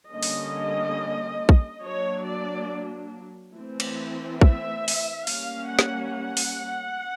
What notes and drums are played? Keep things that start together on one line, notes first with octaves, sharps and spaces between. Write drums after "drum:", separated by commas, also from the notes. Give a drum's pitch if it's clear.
D3 G3 A#3 C#4 D#5
drum: open hi-hat
drum: kick
F#3 A#3 D4 C#5
D5
E3 A3 C4
drum: cymbal
E5, drum: kick
drum: open hi-hat
G3 A#3 C#4 F5, drum: open hi-hat
F#5
drum: snare
F#5
drum: open hi-hat